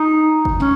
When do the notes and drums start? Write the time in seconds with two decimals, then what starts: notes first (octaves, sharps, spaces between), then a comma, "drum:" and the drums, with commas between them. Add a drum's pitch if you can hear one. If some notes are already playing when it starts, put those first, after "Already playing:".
Already playing: D#4
0.45 drum: kick
0.60 C#4, drum: snare